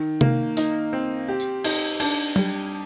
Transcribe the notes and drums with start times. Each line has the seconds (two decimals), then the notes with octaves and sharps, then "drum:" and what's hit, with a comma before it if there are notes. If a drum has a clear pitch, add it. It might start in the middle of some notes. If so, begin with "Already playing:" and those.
Already playing: D#3
0.21 A#3, drum: tom C3
0.57 D#4, drum: open hi-hat
0.93 C4
1.28 G4
1.40 drum: tambourine
1.64 D#4, drum: cymbal
2.00 D4, drum: cymbal
2.36 G3, drum: tom F#3